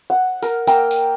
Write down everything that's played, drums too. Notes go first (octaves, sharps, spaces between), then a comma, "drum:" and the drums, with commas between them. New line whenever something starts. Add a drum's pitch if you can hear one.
F#5
A#4, drum: tambourine
A#3 G5 A#5 E6, drum: tambourine
drum: tambourine